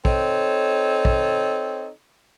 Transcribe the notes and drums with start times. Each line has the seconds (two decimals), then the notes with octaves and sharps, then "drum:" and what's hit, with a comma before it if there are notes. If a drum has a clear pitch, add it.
0.05 C4 D#4 A4 C#5, drum: kick
1.05 drum: kick